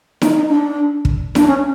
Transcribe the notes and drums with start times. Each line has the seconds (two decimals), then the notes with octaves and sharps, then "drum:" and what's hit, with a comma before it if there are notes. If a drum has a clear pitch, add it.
0.22 D#4, drum: snare E4
0.35 D#4
0.48 D4
1.05 drum: kick
1.35 D4, drum: snare E4
1.47 C#4